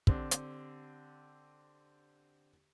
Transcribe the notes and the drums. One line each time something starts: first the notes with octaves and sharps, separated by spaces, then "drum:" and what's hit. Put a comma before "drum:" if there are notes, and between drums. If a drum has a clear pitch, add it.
D3 C4 D4 G4, drum: kick
drum: hi-hat